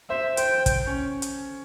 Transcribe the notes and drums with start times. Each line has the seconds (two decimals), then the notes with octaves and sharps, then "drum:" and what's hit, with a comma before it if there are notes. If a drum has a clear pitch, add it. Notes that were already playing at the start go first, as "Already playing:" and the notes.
0.10 C5 E5
0.37 C5 G5, drum: hi-hat
0.66 drum: kick, hi-hat
0.87 C#4
1.22 drum: hi-hat